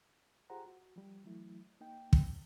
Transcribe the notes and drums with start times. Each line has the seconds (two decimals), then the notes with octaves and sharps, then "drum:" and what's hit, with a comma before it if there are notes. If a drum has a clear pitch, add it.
0.50 F4 G4 G#4 C5 F#5 A#5
0.66 F#4
0.96 F3 G3
1.24 E3 F#3 A3 E4
1.81 A#3 D#4 G5
2.13 drum: kick